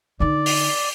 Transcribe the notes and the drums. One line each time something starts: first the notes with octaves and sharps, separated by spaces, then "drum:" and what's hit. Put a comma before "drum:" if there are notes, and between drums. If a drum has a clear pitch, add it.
D3 D#4 D5
drum: open hi-hat